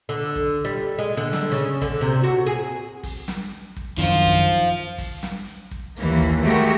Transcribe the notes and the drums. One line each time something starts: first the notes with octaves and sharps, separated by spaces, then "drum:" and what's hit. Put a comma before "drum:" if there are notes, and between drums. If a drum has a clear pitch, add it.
D3
drum: kick
G3
G#3
D3
drum: snare
C#3
D3, drum: kick
C3
F#4
G#4
drum: kick, open hi-hat
drum: snare
drum: kick
F#2 D#3 F3 D4 F4
drum: kick
drum: kick, open hi-hat
drum: snare
drum: hi-hat
drum: kick
D#2 E3 A#3, drum: open hi-hat
drum: kick
G#3 A3 F#4 G4 A#4, drum: hi-hat